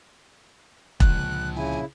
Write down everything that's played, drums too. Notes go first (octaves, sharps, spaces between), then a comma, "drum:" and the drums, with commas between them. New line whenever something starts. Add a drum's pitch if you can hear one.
C#2 A#2 D3 F3 F#6, drum: kick E1
C#3 E4 G#5